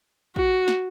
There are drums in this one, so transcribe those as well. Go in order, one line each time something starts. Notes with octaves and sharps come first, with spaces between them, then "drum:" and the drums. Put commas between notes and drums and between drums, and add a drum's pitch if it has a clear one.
F#4, drum: kick
drum: snare